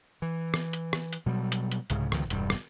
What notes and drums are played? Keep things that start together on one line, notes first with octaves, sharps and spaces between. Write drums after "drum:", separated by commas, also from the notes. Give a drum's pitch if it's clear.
E3
drum: rim click
drum: hi-hat
drum: rim click
drum: hi-hat
B2 F#3 G3
drum: hi-hat
drum: hi-hat
C2 G#2 C#3, drum: hi-hat
C#2 D#3 F3, drum: rim click
E1 G2 G3, drum: hi-hat
drum: rim click